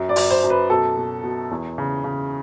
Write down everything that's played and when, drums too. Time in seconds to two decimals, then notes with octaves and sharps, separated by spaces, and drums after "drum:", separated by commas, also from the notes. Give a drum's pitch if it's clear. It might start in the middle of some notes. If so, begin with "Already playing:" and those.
Already playing: F#2
0.09 D5
0.16 F#2, drum: open hi-hat
0.31 C5
0.44 F#2
0.50 B4
0.70 B2 A4
0.97 B2
1.23 B2
1.51 E2
1.78 C#3
2.04 C#3